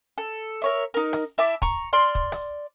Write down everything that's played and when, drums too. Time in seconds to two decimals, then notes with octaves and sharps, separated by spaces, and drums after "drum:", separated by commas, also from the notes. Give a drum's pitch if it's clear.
0.18 A4
0.62 A#4 C#5 E5
0.94 D#4 A#4
1.13 drum: rim click
1.38 E4 E5 A5 D6
1.62 A#5 C#6, drum: kick
1.93 D5 C6 F6
2.15 drum: kick
2.32 drum: rim click